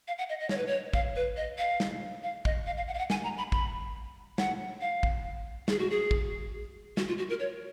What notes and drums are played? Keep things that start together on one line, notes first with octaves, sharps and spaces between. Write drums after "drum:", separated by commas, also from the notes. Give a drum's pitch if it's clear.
F5
F#5
D#5
D#5
C#5, drum: snare
B4
C#5
F5, drum: kick
B4
D#5
F5
drum: snare
F5
D#5, drum: kick
F5
F5
F#5
F5
F#5
G#5, drum: snare
A#5
B5
B5, drum: kick
F#5, drum: snare
F5
drum: kick
G#4, drum: snare
F#4
G#4
drum: kick
F#4, drum: snare
F4
F#4
A#4
C#5